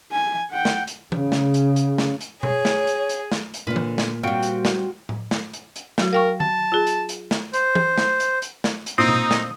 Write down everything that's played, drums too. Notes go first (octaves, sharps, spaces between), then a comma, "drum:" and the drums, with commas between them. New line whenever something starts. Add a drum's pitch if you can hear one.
G#5
F#5 G5
drum: snare
drum: hi-hat
C#3, drum: tom E3
drum: snare
drum: hi-hat
drum: hi-hat
drum: snare
drum: hi-hat
G#4 C#5, drum: tom B2
drum: snare
drum: hi-hat
drum: hi-hat
drum: snare
drum: hi-hat
A#2 D3 B4 F6 B6
drum: tom E3
drum: snare
G3 C4 F4 F#4 G5
drum: hi-hat
drum: snare
drum: tom A2
drum: snare
drum: hi-hat
drum: hi-hat
F#3 F#4, drum: snare
A#4 F5 G5 C#6
A5, drum: tom D#3
F4 G#4
drum: hi-hat
drum: hi-hat
drum: snare
C5, drum: hi-hat
drum: tom E3
drum: snare
drum: hi-hat
drum: hi-hat
drum: snare
drum: hi-hat
A#2 C4 D#4 D#6
drum: tom B2
drum: snare